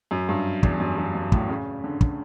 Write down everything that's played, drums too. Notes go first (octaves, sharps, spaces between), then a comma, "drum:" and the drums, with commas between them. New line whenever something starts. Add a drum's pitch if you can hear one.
F#2
G2
E2, drum: kick
F#2
F#2
F#2
A2, drum: kick
C#3
D3
drum: kick